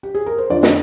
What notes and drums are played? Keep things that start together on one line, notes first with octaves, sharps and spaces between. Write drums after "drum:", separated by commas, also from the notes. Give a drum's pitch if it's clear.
G4
G#4
A#4
C5
F2 D3 F3 D5
G5, drum: snare